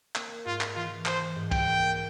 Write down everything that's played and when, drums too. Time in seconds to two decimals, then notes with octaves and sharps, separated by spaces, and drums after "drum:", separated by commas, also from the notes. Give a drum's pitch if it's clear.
0.16 A#3, drum: clap
0.46 G#2 F4
0.61 drum: clap
0.75 E3 F4
1.06 E3 C5, drum: clap
1.36 G#2
1.51 G5, drum: kick, cymbal
1.66 A#3